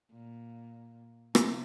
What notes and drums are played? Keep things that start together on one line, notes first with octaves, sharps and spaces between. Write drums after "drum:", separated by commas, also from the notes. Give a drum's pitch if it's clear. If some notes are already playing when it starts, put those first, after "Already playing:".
A#2
C3, drum: rim click